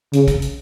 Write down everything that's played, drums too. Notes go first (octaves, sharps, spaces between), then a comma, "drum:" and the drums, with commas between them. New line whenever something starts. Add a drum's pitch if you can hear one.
C#3, drum: hi-hat
drum: kick, hi-hat
drum: hi-hat